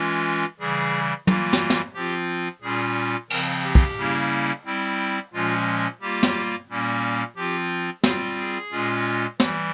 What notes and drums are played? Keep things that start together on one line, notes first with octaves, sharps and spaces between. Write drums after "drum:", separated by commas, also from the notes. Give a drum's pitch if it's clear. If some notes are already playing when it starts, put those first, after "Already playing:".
Already playing: E3 G#3 C#4 F4
C#3 E3 G3 G#4
E3 G3 A#3 F4, drum: tom
drum: snare
drum: snare
F3 C4 F4 G4
A#2 G3 C#4 F4 G#4
C#3 F3 C4 A#4, drum: cymbal
G4
drum: kick
C#3 G3 A#3 C#4 E4
G3 C4 E4
A#2 F3 G#3 C#4 F4
G3 A#3 F4 G4
drum: snare
A#2 G3 A#3 C#4
F3 C4 F4 G4
G3 C4 F4 G#4, drum: snare
G#4
A#2 G#3 C#4 F4
E3 G3, drum: snare